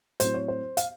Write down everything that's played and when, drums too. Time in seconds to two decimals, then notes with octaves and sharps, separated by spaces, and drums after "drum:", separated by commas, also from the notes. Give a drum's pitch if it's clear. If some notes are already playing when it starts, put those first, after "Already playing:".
0.20 A2 F#3 C4 C5, drum: hi-hat
0.34 C#5
0.48 C5
0.77 F5, drum: hi-hat